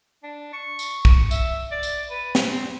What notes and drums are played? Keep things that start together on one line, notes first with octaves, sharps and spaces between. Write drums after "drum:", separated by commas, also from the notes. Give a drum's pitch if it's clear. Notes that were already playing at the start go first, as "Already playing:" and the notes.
D4
C#6
drum: tambourine
drum: kick
E5, drum: tambourine
D5
drum: tambourine
B4
drum: snare
C4